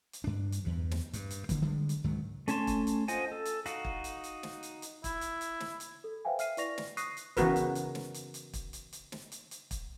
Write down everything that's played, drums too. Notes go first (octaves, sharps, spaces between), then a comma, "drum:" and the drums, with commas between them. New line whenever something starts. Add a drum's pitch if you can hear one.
drum: hi-hat
G2 D4
drum: hi-hat
E2 G2
drum: snare
G2, drum: hi-hat
drum: hi-hat
D3 E3 A#3, drum: kick, hi-hat
D3 G3 G#3
drum: hi-hat
C#2 G#2 D#3 F#3
A3 C#4 G#5 A5 C6, drum: hi-hat
drum: kick, hi-hat
drum: hi-hat
F4 C5 D#5 F#5 G#5, drum: hi-hat
A4
drum: hi-hat
D#4 F#4 F5 F#5, drum: hi-hat
drum: kick
drum: hi-hat
drum: hi-hat
drum: snare
drum: hi-hat
drum: hi-hat
E4, drum: kick, hi-hat
drum: hi-hat
drum: hi-hat
drum: snare
drum: hi-hat
A4
B4 C5 E5 F5 G5 G#5
E5 F6 C7 D#7, drum: hi-hat
E4 B4 D5 C#6 A#6 F7, drum: hi-hat
drum: snare
C#6 D#6 F#6 A#6 C7 D#7, drum: hi-hat
drum: hi-hat
C#3 E3 B3 F#4 A#4 B4, drum: kick, hi-hat
drum: hi-hat
drum: hi-hat
drum: snare
drum: hi-hat
drum: hi-hat
drum: kick, hi-hat
drum: hi-hat
drum: hi-hat
drum: snare
drum: hi-hat
drum: hi-hat
drum: kick, hi-hat